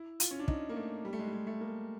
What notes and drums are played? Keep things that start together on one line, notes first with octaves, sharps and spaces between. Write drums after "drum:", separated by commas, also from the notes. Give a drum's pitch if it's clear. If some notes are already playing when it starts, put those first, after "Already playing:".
Already playing: E4
F4, drum: hi-hat
C#4
D4
D#4, drum: kick
A#3
A3
G3
A3
G#3
G3
G#3
A3
A#3